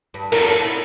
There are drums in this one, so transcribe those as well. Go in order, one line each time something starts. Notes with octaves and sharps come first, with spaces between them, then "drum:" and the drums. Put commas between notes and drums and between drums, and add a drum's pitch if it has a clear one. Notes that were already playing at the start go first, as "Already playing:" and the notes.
G2
F2 A#4, drum: cymbal
E4